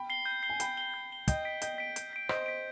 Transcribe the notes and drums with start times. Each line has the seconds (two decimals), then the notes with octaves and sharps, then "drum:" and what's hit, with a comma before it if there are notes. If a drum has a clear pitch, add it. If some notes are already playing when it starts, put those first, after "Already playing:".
Already playing: G5 B5
0.10 C7 G7
0.26 G6
0.43 C7 G7
0.50 G#5
0.60 G5 B5 G6, drum: hi-hat
0.77 C7 G7
0.94 G6
1.11 C7 G7
1.28 D#5 G5 G6, drum: kick, hi-hat
1.45 B6 D7
1.62 D#5 G5 G6, drum: hi-hat
1.78 B6 D7
1.96 G6, drum: hi-hat
2.13 B6 D7
2.29 C5 D#5 G6, drum: rim click
2.46 B6 D7